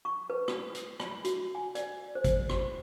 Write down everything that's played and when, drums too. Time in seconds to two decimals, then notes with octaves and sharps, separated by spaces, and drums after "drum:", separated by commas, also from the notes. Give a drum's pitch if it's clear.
0.05 C#6
0.30 B4
0.48 D#6, drum: rim click
0.75 drum: hi-hat
1.00 drum: rim click
1.25 F#4, drum: hi-hat
1.55 G#5
1.75 D5, drum: hi-hat
2.15 C5
2.24 drum: kick, hi-hat
2.49 drum: rim click